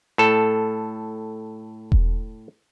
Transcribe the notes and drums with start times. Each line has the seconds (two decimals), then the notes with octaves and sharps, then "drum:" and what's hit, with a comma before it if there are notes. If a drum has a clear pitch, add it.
0.18 A2 A4
1.92 drum: kick E1